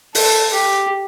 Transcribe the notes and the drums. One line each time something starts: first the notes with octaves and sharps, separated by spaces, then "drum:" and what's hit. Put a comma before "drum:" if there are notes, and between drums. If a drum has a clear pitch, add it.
A4, drum: open hi-hat
G4